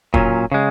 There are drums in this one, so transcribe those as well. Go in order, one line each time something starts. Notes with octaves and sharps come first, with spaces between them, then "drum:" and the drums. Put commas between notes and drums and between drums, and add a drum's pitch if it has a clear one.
A#2 F#3 C#4, drum: kick
C#3 G#3